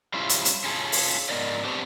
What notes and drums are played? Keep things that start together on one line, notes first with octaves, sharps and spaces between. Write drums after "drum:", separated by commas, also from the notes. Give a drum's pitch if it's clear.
G3 C#4 E4 F4 C5
drum: hi-hat
drum: hi-hat
C#4 F4 G#4 A4
drum: open hi-hat
G#2 B3 A#4 D5 D#5
B3 C4 D4 G4 C5 C#5